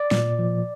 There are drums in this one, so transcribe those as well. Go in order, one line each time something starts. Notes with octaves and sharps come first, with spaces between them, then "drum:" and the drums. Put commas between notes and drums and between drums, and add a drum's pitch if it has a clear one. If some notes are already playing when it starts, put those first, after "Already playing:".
Already playing: D5
A#2, drum: snare
F3